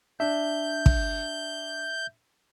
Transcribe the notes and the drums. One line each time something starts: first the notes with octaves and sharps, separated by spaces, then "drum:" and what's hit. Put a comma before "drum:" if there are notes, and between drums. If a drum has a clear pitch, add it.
D4 E5 G6
drum: kick